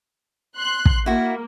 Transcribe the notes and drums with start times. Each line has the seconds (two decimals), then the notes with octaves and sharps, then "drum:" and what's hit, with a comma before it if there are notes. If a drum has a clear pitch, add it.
0.57 C6 F#6
0.85 drum: kick
1.06 A#3 E4 F#4